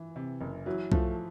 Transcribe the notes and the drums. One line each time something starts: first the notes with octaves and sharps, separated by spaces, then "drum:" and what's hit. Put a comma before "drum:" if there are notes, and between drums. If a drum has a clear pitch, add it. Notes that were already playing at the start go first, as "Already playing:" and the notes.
Already playing: E3
C3
F#1
E3 F#3
F3 A3, drum: kick B1